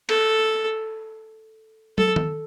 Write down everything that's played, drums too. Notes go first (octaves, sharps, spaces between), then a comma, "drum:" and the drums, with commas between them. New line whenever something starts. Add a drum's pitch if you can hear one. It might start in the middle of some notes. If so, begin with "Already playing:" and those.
A4, drum: cymbal
A4, drum: tom
drum: tom D#3